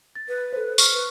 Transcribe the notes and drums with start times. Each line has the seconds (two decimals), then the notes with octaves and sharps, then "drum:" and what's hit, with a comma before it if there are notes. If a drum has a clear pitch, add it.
0.15 A6
0.29 B4
0.53 A4 C5
0.78 C#6 F6, drum: tambourine
0.94 B4